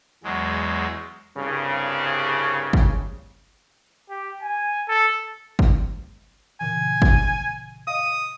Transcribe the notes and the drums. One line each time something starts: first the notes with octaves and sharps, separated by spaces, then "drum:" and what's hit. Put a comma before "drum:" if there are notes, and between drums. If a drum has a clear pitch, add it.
E2 F#3 G#3
C2 G2 C#3
drum: kick
G4
G#5
A4
drum: kick
A#2 C#3 E3 G#5
drum: kick
D#5 F5 D#6